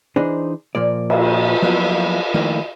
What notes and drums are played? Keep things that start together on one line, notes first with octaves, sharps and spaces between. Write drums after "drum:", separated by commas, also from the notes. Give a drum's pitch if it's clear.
E3 D4 D#4 G#4 C5
A#2 F3 A#3 D5
drum: cymbal
F3 F#3 A#3 B3 E4 F4
D#3 F3 A3 A#3 D#4 E4